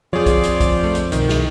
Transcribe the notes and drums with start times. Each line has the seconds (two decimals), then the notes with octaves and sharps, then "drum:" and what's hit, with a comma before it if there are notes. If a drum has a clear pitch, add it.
0.13 F2 F3 F4 G4 G#4 C#5 D5
0.26 drum: kick B1, hi-hat
0.43 drum: hi-hat
0.61 drum: kick B1, hi-hat
0.84 A3
0.95 drum: hi-hat
1.12 C2 B2 D#3, drum: hi-hat
1.29 drum: snare